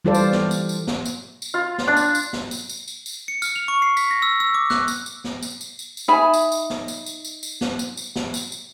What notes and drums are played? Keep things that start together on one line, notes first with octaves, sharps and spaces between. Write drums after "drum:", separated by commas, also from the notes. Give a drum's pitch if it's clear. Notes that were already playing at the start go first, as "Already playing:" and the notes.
E3 G3 F4 A4 C5 D5
drum: tambourine
drum: snare
drum: tambourine
drum: tambourine
drum: snare
drum: tambourine
drum: tambourine
F4
drum: snare
D4
drum: tambourine
drum: tambourine
drum: snare
drum: tambourine
drum: tambourine
drum: tambourine
drum: tambourine
C#7
F6, drum: tambourine
F7
C#6
C7
B6, drum: tambourine
A#6
E6
E6
D6
F#6, drum: snare
drum: tambourine
drum: tambourine
drum: snare
drum: tambourine
drum: tambourine
drum: tambourine
drum: tambourine
D#4 E5 G#5 B5
drum: tambourine
drum: tambourine
drum: snare
drum: tambourine
drum: tambourine
drum: tambourine
drum: tambourine
drum: snare
drum: tambourine
drum: tambourine
drum: snare
drum: tambourine
drum: tambourine